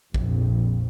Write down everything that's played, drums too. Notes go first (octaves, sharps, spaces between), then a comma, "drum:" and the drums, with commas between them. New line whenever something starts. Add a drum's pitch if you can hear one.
A#1 F2, drum: kick